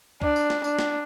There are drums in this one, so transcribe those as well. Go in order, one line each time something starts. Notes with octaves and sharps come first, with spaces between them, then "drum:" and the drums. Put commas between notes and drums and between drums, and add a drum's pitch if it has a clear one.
D4, drum: kick C#2
drum: tambourine
drum: snare
D4, drum: tambourine
drum: snare